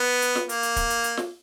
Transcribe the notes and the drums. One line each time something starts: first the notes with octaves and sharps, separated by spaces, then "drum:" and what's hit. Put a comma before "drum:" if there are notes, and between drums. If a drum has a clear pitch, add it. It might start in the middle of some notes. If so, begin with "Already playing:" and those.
Already playing: B3
drum: hi-hat
drum: snare
A#3, drum: hi-hat
drum: hi-hat
drum: kick, hi-hat
drum: hi-hat
drum: hi-hat
drum: snare